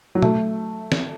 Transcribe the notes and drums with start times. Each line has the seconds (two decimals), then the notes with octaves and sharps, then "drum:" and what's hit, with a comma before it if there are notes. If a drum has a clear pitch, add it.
0.15 F#3
0.22 A3, drum: tom B2
0.92 drum: snare